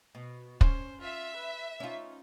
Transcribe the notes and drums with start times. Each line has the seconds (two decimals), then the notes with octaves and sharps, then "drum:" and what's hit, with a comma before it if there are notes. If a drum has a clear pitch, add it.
0.15 B2
0.61 C#4 C5, drum: kick
1.01 F4 E5
1.36 B4
1.80 C#4 D#4 F4